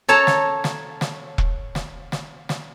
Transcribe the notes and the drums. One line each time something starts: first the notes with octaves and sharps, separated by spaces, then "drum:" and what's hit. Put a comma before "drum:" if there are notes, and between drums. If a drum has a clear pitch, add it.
A4 C#5 A5 A#5
drum: snare
drum: snare
drum: snare
drum: kick E1
drum: snare
drum: snare
drum: snare